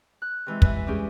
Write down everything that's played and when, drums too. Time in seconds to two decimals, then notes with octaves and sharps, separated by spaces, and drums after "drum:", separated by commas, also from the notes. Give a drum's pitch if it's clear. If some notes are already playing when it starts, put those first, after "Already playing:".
0.22 F#6
0.46 C3 E3 G#3
0.62 B4 E5, drum: kick
0.87 G3 G#3 C#4 G4 G#4